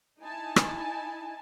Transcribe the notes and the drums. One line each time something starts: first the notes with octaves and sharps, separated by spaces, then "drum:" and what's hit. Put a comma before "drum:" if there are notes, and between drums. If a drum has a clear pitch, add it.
D#4 E4 G#5 A5
drum: rim click